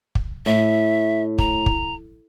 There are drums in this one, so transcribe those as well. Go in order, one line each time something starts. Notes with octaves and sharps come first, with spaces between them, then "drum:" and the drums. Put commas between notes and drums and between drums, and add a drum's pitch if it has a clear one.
drum: kick
A2 E5
A#5, drum: kick
drum: kick